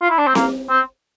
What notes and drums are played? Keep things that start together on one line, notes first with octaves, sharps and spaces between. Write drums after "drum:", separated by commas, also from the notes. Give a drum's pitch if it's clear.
F4
E4
D4
C4
A#3, drum: snare C4
C4